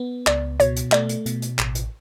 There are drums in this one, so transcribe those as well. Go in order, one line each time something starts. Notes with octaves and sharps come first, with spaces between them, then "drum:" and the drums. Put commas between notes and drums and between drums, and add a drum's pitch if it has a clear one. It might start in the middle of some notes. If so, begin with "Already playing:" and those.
Already playing: B3
C#2 D5, drum: clap
B2 C#5, drum: hi-hat
drum: hi-hat
A3 D5, drum: clap
drum: hi-hat
B2, drum: hi-hat
drum: hi-hat
A1, drum: clap
drum: hi-hat